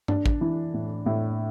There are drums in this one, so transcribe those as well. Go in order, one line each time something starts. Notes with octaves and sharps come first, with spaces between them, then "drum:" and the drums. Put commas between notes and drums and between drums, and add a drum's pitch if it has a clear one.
D4, drum: tom G2
drum: kick
E3
A2
A2